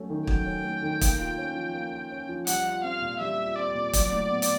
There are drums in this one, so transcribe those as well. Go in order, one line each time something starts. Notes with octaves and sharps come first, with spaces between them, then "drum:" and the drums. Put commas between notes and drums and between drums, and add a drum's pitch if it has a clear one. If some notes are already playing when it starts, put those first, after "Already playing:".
Already playing: F#3 A3 C#4
D#3
F#3 G5, drum: kick
C#4
A3
D#3
A#3, drum: kick, hi-hat
F4
C#4
F3
A#3
F4
C#4
F3
G3 F#5, drum: hi-hat
F4
C4 F5
A#2
G3 E5
F4
C4 D5
A#2
F#3, drum: kick, hi-hat
A2
B3
drum: hi-hat